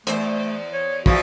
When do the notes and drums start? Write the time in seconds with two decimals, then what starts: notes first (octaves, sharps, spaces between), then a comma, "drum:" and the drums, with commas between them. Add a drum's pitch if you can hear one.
0.07 E2 A3 C5, drum: hi-hat
0.74 C#5
1.06 E2 F3 E4 F#4, drum: kick